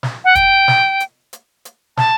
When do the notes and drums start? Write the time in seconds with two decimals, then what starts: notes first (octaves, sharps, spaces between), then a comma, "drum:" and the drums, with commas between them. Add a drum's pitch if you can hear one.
0.03 drum: snare
0.24 F#5
0.35 G5, drum: kick, hi-hat
0.68 drum: snare
1.00 drum: hi-hat
1.33 drum: hi-hat
1.65 drum: hi-hat
1.97 A5, drum: snare